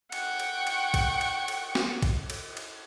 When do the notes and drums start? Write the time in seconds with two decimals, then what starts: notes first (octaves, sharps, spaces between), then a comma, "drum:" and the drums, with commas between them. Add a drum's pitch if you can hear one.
0.12 F#5 G5 C#6, drum: cymbal
0.40 drum: cymbal
0.67 drum: cymbal
0.94 drum: kick, cymbal
1.21 drum: cymbal
1.48 drum: cymbal
1.75 drum: snare A#3
2.02 drum: kick, cymbal
2.30 drum: cymbal
2.57 drum: cymbal